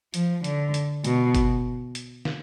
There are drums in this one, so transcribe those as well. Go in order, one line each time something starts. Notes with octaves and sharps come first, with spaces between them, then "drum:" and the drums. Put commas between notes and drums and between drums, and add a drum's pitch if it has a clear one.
F3, drum: hi-hat
D3, drum: hi-hat
drum: hi-hat
B2, drum: hi-hat
drum: kick G1, hi-hat
drum: hi-hat
drum: snare